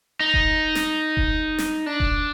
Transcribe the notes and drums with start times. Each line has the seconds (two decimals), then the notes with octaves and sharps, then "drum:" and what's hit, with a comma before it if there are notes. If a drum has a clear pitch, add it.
0.20 D#4
0.34 drum: kick E1
0.75 drum: snare
1.17 drum: kick E1
1.58 drum: snare
1.86 D4
2.00 drum: kick E1